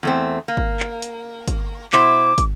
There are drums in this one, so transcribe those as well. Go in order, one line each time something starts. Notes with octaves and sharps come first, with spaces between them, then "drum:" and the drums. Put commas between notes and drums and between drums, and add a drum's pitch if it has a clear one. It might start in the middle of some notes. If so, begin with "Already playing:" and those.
E2 A3 C4
A#3
drum: kick
drum: clap
drum: hi-hat
drum: kick, hi-hat
B2 E4 C5 D6, drum: clap
drum: kick, hi-hat